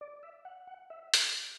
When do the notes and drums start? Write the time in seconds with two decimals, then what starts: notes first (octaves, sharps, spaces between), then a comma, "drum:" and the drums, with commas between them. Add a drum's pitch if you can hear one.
0.01 D5
0.23 E5
0.45 F#5
0.67 F#5
0.90 E5
1.14 drum: hi-hat